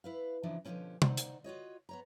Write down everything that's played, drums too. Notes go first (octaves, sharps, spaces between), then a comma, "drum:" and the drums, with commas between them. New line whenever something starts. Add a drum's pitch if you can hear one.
E4 B4 F5
C#3 E3 F3 D4 D#4
B2 D3 F3 G#3 C#4 G4
D#4 C5 D5 F#5, drum: tom
drum: hi-hat
F4 F#4 C#5 D#5
B3 C#5 A#5